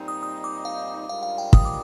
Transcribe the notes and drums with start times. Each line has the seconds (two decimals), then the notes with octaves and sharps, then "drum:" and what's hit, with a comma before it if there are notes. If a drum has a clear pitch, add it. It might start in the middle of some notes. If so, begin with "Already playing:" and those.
Already playing: A#2 G3 C4 D#4
0.08 D#6
0.23 D#6
0.44 D6
0.65 F5
1.09 G#2 G3 D4 F4 A#4 F5
1.23 F5
1.38 G5
1.53 D#6, drum: kick
1.65 D6